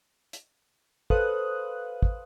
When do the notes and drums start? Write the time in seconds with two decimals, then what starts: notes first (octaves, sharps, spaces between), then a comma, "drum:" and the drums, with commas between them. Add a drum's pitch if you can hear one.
0.33 drum: hi-hat
1.10 A4 B4 C5 F5 D#6 F#6, drum: kick
2.03 drum: kick